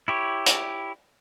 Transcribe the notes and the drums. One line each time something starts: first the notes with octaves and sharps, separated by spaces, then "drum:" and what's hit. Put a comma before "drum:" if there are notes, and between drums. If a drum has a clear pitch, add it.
E4 G4 C#5
drum: hi-hat